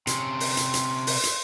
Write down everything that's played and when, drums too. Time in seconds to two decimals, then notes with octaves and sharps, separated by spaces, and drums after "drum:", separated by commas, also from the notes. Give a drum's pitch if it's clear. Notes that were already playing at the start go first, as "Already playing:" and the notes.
0.07 C3 C#4 C6, drum: hi-hat
0.40 drum: open hi-hat
0.57 drum: hi-hat
0.74 drum: hi-hat
1.07 drum: open hi-hat
1.23 drum: hi-hat